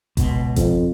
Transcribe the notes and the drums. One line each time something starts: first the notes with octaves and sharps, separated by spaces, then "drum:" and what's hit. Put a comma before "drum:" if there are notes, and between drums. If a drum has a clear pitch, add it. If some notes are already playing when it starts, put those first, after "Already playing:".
C#2 B2, drum: kick G1, hi-hat
F2, drum: kick G1, hi-hat